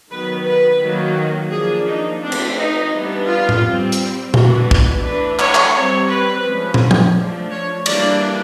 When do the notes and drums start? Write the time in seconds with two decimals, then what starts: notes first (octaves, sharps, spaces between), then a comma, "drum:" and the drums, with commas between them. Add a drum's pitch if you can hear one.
0.11 D#3 F#3 B3 B4
0.46 B4
0.82 D#3 F#3 A#3
1.52 F3 A#3 D4 G#4
1.88 D#4
2.22 E3 A3 C4 D4
2.32 drum: cymbal
2.59 D#4
2.93 E3 G3 B3 D4
3.29 F4
3.49 drum: tom A2
3.64 G3 C4
3.92 drum: hi-hat
4.34 E3 G#3 B3 D4 F#4, drum: tom A#2
4.71 drum: kick
5.04 E3 A3 D4 B4
5.39 C#5, drum: clap
5.55 drum: clap
5.75 G3 C4 C#5
6.10 B4
6.45 F3 G#3 C#4
6.74 drum: tom
6.91 drum: tom
7.16 F3 A3 D4
7.51 C#5
7.86 E3 G3 A#3 D4 D5, drum: cymbal